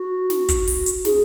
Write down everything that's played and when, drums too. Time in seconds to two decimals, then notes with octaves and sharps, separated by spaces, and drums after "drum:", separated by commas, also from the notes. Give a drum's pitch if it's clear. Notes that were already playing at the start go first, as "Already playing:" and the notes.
Already playing: F#4
0.30 drum: snare
0.49 drum: kick, hi-hat
0.67 drum: open hi-hat
0.86 drum: hi-hat
1.05 G#4, drum: snare